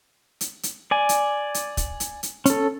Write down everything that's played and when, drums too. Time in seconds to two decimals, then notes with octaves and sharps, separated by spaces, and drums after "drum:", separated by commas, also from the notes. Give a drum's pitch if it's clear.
0.41 drum: hi-hat
0.63 drum: hi-hat
0.91 D5 G#5
1.09 drum: hi-hat
1.54 drum: hi-hat
1.77 drum: kick, hi-hat
2.00 drum: hi-hat
2.23 drum: hi-hat
2.46 C#4 A4, drum: hi-hat